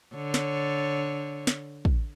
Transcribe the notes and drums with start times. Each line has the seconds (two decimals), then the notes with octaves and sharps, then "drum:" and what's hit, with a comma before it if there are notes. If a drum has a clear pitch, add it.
0.15 D3 C#5
0.34 drum: snare
1.47 drum: snare
1.85 drum: kick